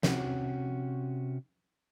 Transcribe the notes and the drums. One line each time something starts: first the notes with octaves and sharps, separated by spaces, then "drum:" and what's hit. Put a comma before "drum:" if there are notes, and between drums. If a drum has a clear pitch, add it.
C3 C#4 F#4, drum: snare